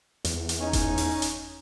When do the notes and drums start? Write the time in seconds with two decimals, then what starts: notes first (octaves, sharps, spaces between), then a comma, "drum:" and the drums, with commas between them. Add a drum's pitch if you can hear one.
0.25 E2, drum: hi-hat
0.49 drum: hi-hat
0.59 C#4 D#4
0.73 drum: kick F1, hi-hat
0.98 drum: open hi-hat
1.22 drum: hi-hat